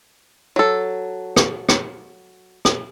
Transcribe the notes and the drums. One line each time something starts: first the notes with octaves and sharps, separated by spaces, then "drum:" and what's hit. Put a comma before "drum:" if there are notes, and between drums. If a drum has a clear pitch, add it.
F#3 A4
drum: rim click
drum: rim click
drum: rim click